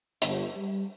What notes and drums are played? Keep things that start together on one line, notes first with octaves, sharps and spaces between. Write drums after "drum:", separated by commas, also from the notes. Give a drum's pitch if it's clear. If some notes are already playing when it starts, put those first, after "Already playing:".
G1, drum: hi-hat
G3